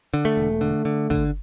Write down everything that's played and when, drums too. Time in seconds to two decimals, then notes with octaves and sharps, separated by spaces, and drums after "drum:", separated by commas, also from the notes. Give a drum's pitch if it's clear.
0.14 D3
0.25 A3
0.37 E1
0.61 D3
0.85 D3
1.10 D3, drum: kick